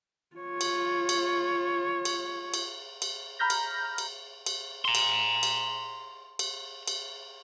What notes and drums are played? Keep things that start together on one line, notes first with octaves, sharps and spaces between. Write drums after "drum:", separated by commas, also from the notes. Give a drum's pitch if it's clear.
F4 C#5
drum: cymbal
drum: cymbal
drum: cymbal
drum: cymbal
drum: cymbal
A#5 B5 F6 G6 A#6
drum: cymbal
drum: cymbal
drum: cymbal
A#5 C6
drum: cymbal
drum: cymbal
drum: cymbal
drum: cymbal